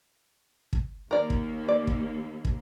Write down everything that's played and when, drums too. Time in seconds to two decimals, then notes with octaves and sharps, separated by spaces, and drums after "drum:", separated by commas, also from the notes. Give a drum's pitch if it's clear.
0.73 drum: kick
1.11 D#2 A#3 A#4 D5
1.30 drum: kick
1.68 D5
1.87 drum: kick
2.45 drum: kick